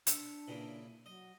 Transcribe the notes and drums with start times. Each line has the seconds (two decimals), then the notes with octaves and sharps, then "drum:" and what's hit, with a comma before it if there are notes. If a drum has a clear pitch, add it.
0.07 D4 E5 A5 C#6, drum: hi-hat
0.48 A#2 C#3 E3
1.06 F#3 D#5